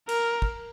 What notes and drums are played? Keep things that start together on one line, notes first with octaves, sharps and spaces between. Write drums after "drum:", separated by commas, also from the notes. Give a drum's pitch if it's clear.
A#4, drum: cymbal
drum: kick